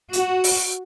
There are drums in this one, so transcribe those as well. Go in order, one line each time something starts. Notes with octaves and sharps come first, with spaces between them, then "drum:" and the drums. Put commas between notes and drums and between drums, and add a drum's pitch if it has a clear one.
F#4, drum: hi-hat
drum: open hi-hat